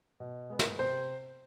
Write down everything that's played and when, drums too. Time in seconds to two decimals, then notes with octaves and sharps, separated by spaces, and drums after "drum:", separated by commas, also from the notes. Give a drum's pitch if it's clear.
0.20 B2
0.50 G#3 B3
0.59 drum: snare
0.79 C3 C5